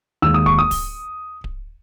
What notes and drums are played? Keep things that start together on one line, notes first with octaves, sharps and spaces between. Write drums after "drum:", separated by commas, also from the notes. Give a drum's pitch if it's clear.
D#2 D#3 G#3 E6
D#6
C#6, drum: kick D1
D#6
drum: kick D1, open hi-hat
drum: kick D1